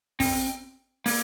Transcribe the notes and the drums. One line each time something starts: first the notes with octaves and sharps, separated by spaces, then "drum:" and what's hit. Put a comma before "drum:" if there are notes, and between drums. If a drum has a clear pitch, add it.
C4, drum: kick, open hi-hat
A#3, drum: open hi-hat